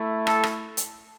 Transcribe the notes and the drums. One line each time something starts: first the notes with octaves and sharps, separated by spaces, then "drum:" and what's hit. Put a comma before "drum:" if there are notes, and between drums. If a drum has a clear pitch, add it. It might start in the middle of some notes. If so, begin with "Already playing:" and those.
Already playing: A3 E4
A4, drum: rim click
drum: rim click
drum: hi-hat